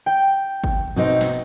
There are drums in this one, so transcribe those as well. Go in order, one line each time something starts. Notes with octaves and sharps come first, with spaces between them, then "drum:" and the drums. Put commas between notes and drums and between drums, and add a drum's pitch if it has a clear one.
G5
drum: kick
B2 C4 D#4
drum: snare